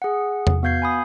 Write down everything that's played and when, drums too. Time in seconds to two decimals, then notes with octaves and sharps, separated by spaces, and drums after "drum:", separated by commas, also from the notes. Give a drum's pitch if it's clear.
0.02 G#4 F#5
0.47 drum: tom E2
0.63 B3 F#4 F5 G6 G#6 C7
0.82 G#5 B5 D#6